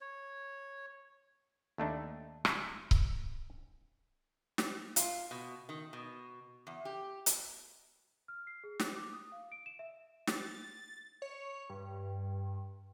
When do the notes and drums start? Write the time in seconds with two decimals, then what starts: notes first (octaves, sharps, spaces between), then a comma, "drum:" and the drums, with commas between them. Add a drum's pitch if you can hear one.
0.01 C#5
1.78 D#2 A3 D4 D#4
2.45 drum: rim click
2.91 drum: kick C#1
4.58 drum: snare
4.96 F4, drum: hi-hat
5.31 B2
5.69 D#3
5.93 B2
6.67 E2
6.85 G4
7.26 drum: hi-hat
8.28 F6
8.47 C7
8.64 G#4
8.80 F#6, drum: snare
8.95 D6
9.13 D#6
9.32 F5
9.52 D7
9.66 E7
9.79 E5
10.27 A6, drum: snare
11.22 C#5
11.70 G2